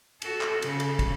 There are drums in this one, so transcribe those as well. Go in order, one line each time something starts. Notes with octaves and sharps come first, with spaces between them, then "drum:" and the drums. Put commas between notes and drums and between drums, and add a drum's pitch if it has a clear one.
F#4 A4, drum: cymbal
drum: clap
C#3, drum: cymbal
drum: cymbal
drum: kick, cymbal